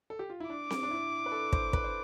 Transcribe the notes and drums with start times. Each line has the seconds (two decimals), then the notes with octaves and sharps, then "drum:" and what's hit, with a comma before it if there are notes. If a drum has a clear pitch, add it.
0.10 A4
0.19 G4
0.30 F4
0.40 E4
0.50 D4 D6
0.70 drum: snare C4
0.83 D4
0.91 E4
1.26 B4
1.32 A4
1.53 C5, drum: kick
1.73 B4, drum: kick
1.84 C5